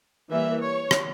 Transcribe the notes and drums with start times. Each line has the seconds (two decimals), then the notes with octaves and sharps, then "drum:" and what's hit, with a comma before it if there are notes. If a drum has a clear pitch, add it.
0.31 E3 G3 A#3 E5
0.62 C#5
0.91 drum: rim click